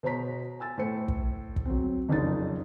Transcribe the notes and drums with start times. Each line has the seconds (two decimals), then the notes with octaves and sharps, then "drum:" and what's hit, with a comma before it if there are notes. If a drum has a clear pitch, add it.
0.03 B2 C5 C#5 A#5 B6
0.60 G#5 E6 A6
0.78 A2 C5 C#7
1.08 drum: kick
1.56 drum: kick
1.65 F#3 C4
2.09 F#1 F2 C#3 D4 D#4 A6